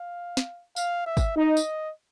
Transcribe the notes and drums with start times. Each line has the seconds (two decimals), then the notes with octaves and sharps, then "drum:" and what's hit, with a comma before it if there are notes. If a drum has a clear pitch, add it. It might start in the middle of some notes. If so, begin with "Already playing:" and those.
Already playing: F5
0.37 drum: snare
0.76 F5, drum: tambourine
1.07 E5
1.17 drum: kick, tambourine
1.37 D#4 D#5
1.57 drum: tambourine